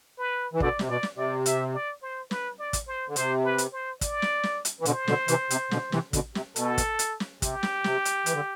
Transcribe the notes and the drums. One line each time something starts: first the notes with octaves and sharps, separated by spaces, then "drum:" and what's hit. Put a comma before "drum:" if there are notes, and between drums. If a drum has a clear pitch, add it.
B4
E3
B2 D3 D5, drum: kick
C3, drum: snare
B2 D5
drum: snare
C3 D5
E5, drum: hi-hat
D5
C5
B4, drum: snare
D5
drum: kick, hi-hat
C5
D3
C3 C5, drum: hi-hat
B4
drum: hi-hat
C5
D5, drum: kick, hi-hat
drum: snare
drum: snare
drum: hi-hat
E3
B2 D3 C5, drum: hi-hat
B2 D3, drum: snare
C3 E3, drum: hi-hat
C3, drum: hi-hat
B2 D3, drum: snare
C3 E3, drum: snare
B2 D3, drum: kick, hi-hat
C3, drum: snare
B2 A4, drum: hi-hat
drum: kick, hi-hat
drum: hi-hat
drum: snare
C3 G4, drum: kick, hi-hat
drum: snare
C3, drum: snare
drum: hi-hat
E3, drum: hi-hat
D3